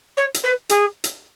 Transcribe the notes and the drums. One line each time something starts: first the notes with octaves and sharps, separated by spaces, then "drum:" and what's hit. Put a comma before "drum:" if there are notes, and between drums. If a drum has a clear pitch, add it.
C#5
drum: hi-hat
B4
G#4, drum: hi-hat
drum: hi-hat